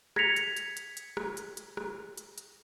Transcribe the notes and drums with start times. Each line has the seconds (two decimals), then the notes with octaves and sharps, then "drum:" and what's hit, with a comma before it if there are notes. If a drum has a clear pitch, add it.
0.16 G#6 A#6 B6 C#7 F7, drum: rim click
0.36 drum: hi-hat
0.57 drum: hi-hat
0.77 drum: hi-hat
0.97 drum: hi-hat
1.17 drum: rim click
1.37 drum: hi-hat
1.57 drum: hi-hat
1.77 drum: rim click
2.17 drum: hi-hat
2.38 drum: hi-hat